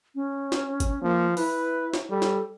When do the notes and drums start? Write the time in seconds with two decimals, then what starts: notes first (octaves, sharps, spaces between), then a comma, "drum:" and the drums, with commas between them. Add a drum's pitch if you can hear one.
0.15 C#4
0.52 drum: snare
0.80 drum: kick G1, hi-hat
1.03 F3 A#3
1.37 E4 B4, drum: open hi-hat
1.94 drum: snare
2.10 G3 A4
2.22 drum: snare